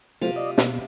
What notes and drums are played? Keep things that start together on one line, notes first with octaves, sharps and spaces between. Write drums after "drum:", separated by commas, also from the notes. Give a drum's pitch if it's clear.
C3 F#3 A3 C4 F4 F5
D5 D#5
B2, drum: snare